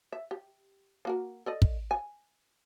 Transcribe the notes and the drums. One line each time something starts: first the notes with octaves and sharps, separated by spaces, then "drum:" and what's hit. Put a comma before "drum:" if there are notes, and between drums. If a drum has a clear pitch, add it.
E5
G4
A#3 F#4 A#4
A4 D5 D#5
drum: kick
G#5